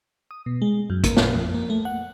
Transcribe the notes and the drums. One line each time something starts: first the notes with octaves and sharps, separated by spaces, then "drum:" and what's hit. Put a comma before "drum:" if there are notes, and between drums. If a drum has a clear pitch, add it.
D#6
B2
G#3
F#2
A#3, drum: kick, hi-hat
A#2, drum: snare
F2
A#3
A3
F#5